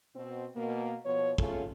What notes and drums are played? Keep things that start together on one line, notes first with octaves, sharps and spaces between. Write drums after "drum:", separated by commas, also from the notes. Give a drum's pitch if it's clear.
B2 C4
B2 A#3
B2 F3 B3 C#5
A3 C#4 F4 G#4 A4, drum: kick